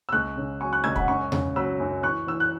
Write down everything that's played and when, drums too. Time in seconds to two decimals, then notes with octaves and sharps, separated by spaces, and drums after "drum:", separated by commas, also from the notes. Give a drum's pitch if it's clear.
0.09 E6
0.12 C#2 C#6 F#6
0.37 C#3
0.61 F#3 G#5 C#6
0.73 C#6 F#6
0.84 C#2 E6 G#6
0.96 F#5 B5, drum: kick
1.08 F#2 G#5 C#6
1.32 C#3, drum: tom E2
1.56 F#3 B5 E6
1.80 F#2
2.03 E3 C#6 F#6
2.27 E3 E6
2.40 F#6